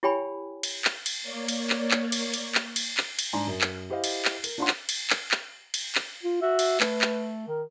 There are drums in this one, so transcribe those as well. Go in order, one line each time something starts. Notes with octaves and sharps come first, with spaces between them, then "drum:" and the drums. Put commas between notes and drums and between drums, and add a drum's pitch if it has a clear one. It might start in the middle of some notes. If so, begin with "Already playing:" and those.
E4 G4 C#5 G5 G#5 B5
drum: cymbal
drum: clap
drum: cymbal
A#3 C#5 D5
drum: cymbal
drum: clap
drum: clap
drum: cymbal
drum: cymbal
drum: clap
drum: cymbal
drum: clap
drum: cymbal
G#2 D4 D5 G#5 A#5 C6
F#2
drum: clap
E4 G4 C5 D#5 F5
drum: cymbal
drum: clap
A#4, drum: cymbal
D4 D#4 F4 C#5 F#5 C6
drum: clap
drum: cymbal
drum: clap
drum: clap
drum: cymbal
drum: clap
F4
F#4 E5
drum: cymbal
A3 B4, drum: clap
drum: clap
D#3 A#4